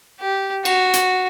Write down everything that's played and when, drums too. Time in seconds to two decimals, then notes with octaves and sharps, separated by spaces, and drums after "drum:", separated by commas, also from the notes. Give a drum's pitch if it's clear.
0.21 G4
0.65 F#4, drum: cymbal
0.93 drum: hi-hat